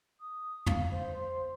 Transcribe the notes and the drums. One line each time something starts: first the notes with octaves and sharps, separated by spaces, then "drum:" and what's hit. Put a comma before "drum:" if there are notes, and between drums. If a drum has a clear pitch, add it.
D#6
F5, drum: tom
C5
C5